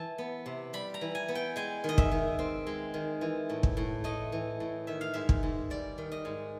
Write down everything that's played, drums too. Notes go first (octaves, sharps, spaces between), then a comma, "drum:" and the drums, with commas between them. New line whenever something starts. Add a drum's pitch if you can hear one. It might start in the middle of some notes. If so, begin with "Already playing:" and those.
Already playing: E3 A5
B3
C3
G3 B5
A#5
E3
G#5
B3
G5
G#3 G#5
D#3 D#5
E5, drum: kick
D#3
C4
G#3
D#3
E3
A2
drum: kick
A2
A3 D#5
E3
A2
D#3 E5
F5
G#2 E5
drum: kick
G#2
G3 D5
D#3
D#5
G#2